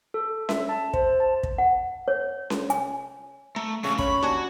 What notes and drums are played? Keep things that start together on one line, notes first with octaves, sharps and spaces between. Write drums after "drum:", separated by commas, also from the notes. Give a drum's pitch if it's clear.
A4
E5, drum: snare C#4
A5
C5, drum: kick
A5
drum: kick
F#5
C#5
drum: snare C#4
G#5, drum: hi-hat
A3 A#5
C#3 A3 C#4 C#6
C#4 B5 C#6, drum: kick
D#2 D4 F#4 G#5